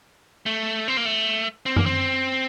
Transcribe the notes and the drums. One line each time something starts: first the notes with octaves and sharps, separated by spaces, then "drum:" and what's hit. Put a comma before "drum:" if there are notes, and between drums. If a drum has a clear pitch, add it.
A3
C4
A#3
A3
C4
A#3, drum: tom F#2
C4